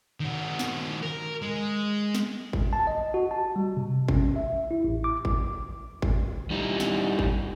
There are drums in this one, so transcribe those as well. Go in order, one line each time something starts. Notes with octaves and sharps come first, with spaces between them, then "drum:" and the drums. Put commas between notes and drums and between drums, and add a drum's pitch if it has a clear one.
D#3 F#4
drum: snare
A#4
G#3
drum: snare
drum: kick G#1
A5
D#5
F#4
A5
G3
C3
C#4, drum: kick G#1
E5
E4
A1
D6
drum: kick G#1
drum: kick G#1
G3 D#4 E4
drum: snare
drum: kick G#1